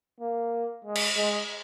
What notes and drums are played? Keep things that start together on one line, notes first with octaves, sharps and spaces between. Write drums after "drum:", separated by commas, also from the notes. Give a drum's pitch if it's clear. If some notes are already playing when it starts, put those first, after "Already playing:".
A#3
G#3
drum: cymbal
G#3